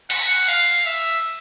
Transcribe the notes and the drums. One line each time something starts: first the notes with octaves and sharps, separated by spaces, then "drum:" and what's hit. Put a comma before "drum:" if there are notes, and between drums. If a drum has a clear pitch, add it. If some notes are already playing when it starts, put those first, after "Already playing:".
F#5, drum: cymbal
F5
E5